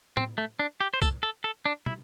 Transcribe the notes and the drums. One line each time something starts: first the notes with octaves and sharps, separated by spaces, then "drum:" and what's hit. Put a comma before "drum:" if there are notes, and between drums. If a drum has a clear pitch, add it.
C4, drum: tom A2
A3
D4
G4
C5
A4, drum: kick, tambourine
A4
A4
D4
E4, drum: tom